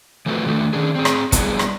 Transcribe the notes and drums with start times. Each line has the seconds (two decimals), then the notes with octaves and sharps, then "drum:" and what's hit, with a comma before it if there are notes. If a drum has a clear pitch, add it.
0.26 E3 F3 A3 C4 F#4 B4
0.46 D#3 A3 D4
0.73 D#3 C#4 D4 G#4
0.95 C4 G#4
1.05 drum: rim click
1.32 G3 B3 D4 E4 G#4, drum: kick, hi-hat
1.59 drum: rim click